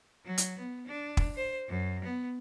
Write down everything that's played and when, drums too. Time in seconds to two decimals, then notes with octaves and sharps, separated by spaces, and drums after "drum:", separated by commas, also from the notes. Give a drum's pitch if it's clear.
0.25 F#3
0.38 drum: hi-hat
0.58 B3
0.87 D4
1.17 drum: kick
1.36 C5
1.68 F#2
2.04 B3